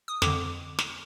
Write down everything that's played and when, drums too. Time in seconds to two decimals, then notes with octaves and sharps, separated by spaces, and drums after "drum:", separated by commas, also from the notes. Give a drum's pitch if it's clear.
0.08 D#6
0.22 F2 D3 D6, drum: snare
0.79 drum: snare